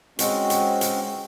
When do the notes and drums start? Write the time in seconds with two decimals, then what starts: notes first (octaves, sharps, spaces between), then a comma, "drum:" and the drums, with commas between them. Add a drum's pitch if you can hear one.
0.19 G#3 C4 C#4 F#4, drum: hi-hat
0.50 drum: hi-hat
0.81 drum: hi-hat